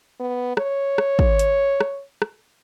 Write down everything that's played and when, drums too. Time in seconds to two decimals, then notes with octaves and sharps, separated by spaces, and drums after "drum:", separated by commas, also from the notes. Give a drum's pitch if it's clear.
0.20 B3
0.57 C#5, drum: rim click
0.98 drum: rim click
1.19 drum: kick
1.39 drum: hi-hat
1.81 drum: rim click
2.22 drum: rim click